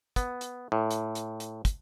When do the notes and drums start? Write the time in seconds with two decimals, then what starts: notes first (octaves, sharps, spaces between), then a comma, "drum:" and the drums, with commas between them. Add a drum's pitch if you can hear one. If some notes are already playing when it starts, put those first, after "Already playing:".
0.16 B3, drum: kick, hi-hat
0.41 drum: hi-hat
0.72 A2
0.91 drum: hi-hat
1.15 drum: hi-hat
1.40 drum: hi-hat
1.65 drum: kick, hi-hat